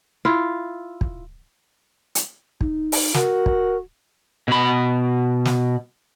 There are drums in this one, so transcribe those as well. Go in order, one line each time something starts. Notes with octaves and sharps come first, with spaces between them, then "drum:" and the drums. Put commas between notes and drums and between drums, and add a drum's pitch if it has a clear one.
E4 F4
drum: kick
drum: hi-hat
D#4, drum: kick
drum: open hi-hat
F#4 A#4, drum: snare
drum: kick
B2 B5
drum: snare